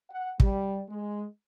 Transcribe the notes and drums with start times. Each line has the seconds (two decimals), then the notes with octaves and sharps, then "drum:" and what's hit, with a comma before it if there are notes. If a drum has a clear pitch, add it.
0.10 F#5
0.40 G3, drum: kick
0.89 G#3